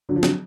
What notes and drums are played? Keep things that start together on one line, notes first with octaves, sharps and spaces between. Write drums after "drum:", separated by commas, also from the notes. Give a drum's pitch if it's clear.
D3 F#3
F3
D3 F#3, drum: snare